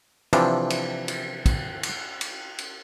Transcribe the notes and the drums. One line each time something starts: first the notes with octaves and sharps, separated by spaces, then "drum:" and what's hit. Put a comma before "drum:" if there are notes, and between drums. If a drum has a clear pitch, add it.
C3 E3 F3 D4, drum: cymbal
drum: cymbal
drum: cymbal
drum: kick, cymbal
drum: cymbal
drum: cymbal
drum: cymbal